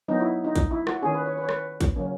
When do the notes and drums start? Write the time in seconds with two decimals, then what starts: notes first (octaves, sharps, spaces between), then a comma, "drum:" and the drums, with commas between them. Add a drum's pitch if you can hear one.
0.08 F#3 B3 D#4
0.20 E4
0.44 D#4
0.55 drum: kick, hi-hat
0.71 E4
0.87 F#4, drum: rim click
1.02 D#3 A#3 C#4 G#4
1.14 B4
1.26 C#5
1.37 B4
1.44 C#5
1.49 B4, drum: rim click
1.81 drum: kick, hi-hat
1.96 C#3 F#3 A#3 C#4